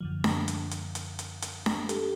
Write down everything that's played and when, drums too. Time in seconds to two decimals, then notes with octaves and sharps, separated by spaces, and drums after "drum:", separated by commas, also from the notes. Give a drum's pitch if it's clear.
0.01 F#2 D3 F3
0.24 drum: snare D4
0.48 drum: hi-hat
0.71 drum: hi-hat
0.95 drum: hi-hat
1.19 drum: hi-hat
1.42 drum: hi-hat
1.66 drum: snare D4
1.89 G4 A4, drum: hi-hat